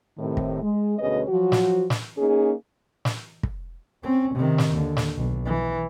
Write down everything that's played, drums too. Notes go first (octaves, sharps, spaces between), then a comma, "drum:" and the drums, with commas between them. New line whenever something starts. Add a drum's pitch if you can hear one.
A2 C3 D#3
drum: kick
G#3
D2 B2 C#4 G#4 B4 D#5
F3 F#3 F#4
drum: snare
drum: snare
A#3 C#4 D#4 G#4
drum: snare
drum: kick
C4 C#4
C3 D#3
drum: snare
D#2 D3
drum: snare
B1
E3